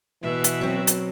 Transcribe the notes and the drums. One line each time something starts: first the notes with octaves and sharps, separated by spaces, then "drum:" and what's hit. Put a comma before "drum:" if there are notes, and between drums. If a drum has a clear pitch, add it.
B2 E3 B3 E5
drum: hi-hat
F#3 C4
drum: hi-hat